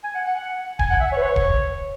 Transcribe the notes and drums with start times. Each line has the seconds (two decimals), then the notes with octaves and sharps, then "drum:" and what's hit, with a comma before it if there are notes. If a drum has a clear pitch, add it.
0.04 G#5
0.15 F#5
0.26 F#5
0.36 F#5
0.79 G#5, drum: kick D1
0.90 F#5
1.00 E5
1.12 C#5
1.17 B4
1.22 C#5
1.36 drum: kick D1